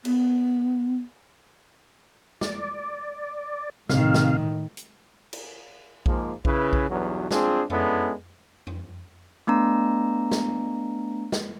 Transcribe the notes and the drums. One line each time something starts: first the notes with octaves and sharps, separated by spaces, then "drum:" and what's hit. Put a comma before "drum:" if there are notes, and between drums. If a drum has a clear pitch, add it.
B3, drum: cymbal
D5, drum: snare
A2 C3 D#3 F5, drum: snare
drum: snare
drum: hi-hat
drum: cymbal
G#2 F3 G#3 A#3, drum: kick A#1
C#3 E4 B4, drum: kick A#1
drum: kick A#1
B1 E2 G2 F#3
C4 D4 F4 G#4, drum: snare
G#3 B3 C#4 D4 E4 A4, drum: tom F2
drum: tom F2
A3 B3 D4 A#5
drum: snare
drum: snare